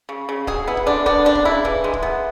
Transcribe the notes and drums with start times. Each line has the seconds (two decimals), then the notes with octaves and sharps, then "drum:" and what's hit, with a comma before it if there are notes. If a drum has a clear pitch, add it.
0.09 C#3
0.29 C#3
0.47 F#3 G#4, drum: kick
0.67 B3 E4
0.77 drum: kick
0.86 D3 D4
1.06 B3 D4, drum: kick
1.25 C#3 D4
1.35 drum: kick
1.45 C#3 E4
1.65 E3, drum: kick
1.84 G#3
1.93 drum: kick
2.02 B3